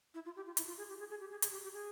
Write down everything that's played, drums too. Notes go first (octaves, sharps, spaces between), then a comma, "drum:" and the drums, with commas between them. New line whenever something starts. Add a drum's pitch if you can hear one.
E4
F4
G4
F4
E4, drum: hi-hat
F4
G#4
G4
G#4
G#4
G4
G#4
G#4, drum: hi-hat
G4
G4
G#4